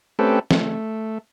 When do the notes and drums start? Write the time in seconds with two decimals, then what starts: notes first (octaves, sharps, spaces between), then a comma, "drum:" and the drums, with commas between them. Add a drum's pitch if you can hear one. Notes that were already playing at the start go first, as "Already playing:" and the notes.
0.19 A3 C4 C#4 G4 A4 B4
0.51 A3, drum: snare